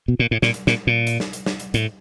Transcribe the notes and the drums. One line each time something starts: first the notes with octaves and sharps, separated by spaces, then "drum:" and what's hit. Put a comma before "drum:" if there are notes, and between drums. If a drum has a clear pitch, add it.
B2
A#2
A2
A#2, drum: snare
drum: hi-hat
A#2, drum: snare
A#2
drum: hi-hat
drum: snare
drum: hi-hat
drum: snare
drum: hi-hat
A2, drum: hi-hat